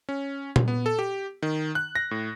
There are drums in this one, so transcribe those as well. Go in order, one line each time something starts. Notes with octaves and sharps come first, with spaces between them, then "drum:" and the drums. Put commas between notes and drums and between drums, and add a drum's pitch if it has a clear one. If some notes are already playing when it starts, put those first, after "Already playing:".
C#4
drum: tom A#2
B3
A4
G4
D#3
F#6
A#6
A2